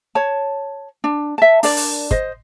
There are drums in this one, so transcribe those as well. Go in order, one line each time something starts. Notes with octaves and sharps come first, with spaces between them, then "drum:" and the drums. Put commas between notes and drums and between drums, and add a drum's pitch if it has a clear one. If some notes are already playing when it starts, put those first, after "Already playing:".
C#5 A5
D4
E5 A5
D4 A#4 D5, drum: open hi-hat
drum: open hi-hat
C5 D#5, drum: kick